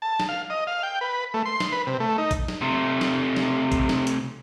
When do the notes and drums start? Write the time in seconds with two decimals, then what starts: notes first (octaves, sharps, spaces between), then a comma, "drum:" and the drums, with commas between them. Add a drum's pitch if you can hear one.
0.02 A5
0.20 drum: snare
0.29 F5
0.50 D#5
0.67 F5
0.83 G5
1.01 B4
1.34 A3
1.45 C6
1.60 drum: snare
1.72 B4
1.87 C3
2.00 A3
2.18 D#4
2.31 drum: kick A#1, hi-hat
2.48 drum: snare
2.62 C3 A3
3.01 drum: snare
3.36 drum: snare
3.72 drum: kick A#1, hi-hat
3.89 drum: snare
4.07 drum: hi-hat